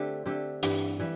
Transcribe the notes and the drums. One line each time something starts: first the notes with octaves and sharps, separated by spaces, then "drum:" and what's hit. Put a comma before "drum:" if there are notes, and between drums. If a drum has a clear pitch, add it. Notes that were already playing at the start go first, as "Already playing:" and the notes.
Already playing: D3 A3 C4 G4
D3 A3 C4 G4
G2 E3 G3, drum: hi-hat
E3 G3